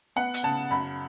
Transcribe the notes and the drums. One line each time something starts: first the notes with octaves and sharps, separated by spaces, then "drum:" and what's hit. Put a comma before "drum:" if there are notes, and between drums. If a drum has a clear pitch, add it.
B3 F#5
drum: hi-hat
C#3 A5
F#2 B5